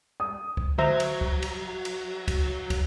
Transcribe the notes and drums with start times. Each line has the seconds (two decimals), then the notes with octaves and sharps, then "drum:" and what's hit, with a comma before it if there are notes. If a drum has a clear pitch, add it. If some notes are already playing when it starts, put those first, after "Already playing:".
0.20 D#6
0.57 drum: kick
0.79 F#3 C5 E5 A#5, drum: tom D3
1.00 drum: cymbal
1.21 drum: kick
1.42 drum: cymbal
1.85 drum: cymbal
2.28 drum: kick, cymbal
2.70 drum: kick, cymbal